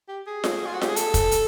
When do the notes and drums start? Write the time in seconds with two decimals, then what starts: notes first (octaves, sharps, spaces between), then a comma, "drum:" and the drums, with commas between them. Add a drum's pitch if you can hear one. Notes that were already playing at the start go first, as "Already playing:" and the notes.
0.08 G4
0.27 G#4
0.44 drum: snare F4
0.66 F4
0.74 F#4
0.81 G4, drum: snare F4
0.89 G#4
0.96 A4, drum: hi-hat
1.14 drum: kick, hi-hat
1.31 drum: hi-hat